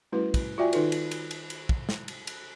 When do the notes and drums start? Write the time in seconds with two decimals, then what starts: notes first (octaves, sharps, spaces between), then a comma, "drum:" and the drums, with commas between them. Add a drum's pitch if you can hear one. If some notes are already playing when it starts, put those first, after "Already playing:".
0.12 G3 A3 C#4 E4 F#4 B4
0.34 drum: kick, cymbal
0.58 F4 F#4 D5 E5 G5 G#5
0.73 D#3 D#4 F4 A4 B4, drum: cymbal
0.92 drum: cymbal
1.11 drum: cymbal
1.31 drum: cymbal
1.50 drum: cymbal
1.69 drum: kick
1.89 drum: snare
2.08 drum: cymbal
2.27 drum: cymbal